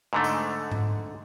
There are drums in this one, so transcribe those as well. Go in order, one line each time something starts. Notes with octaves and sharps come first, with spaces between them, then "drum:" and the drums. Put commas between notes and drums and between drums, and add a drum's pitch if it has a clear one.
G#2 D3 A3
drum: tambourine
drum: tom G#2